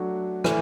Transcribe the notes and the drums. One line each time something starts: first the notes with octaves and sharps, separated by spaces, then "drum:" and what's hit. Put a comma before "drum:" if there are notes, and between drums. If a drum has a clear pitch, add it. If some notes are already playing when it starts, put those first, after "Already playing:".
Already playing: F#3 A3 D4 F#4
E3 A3, drum: rim click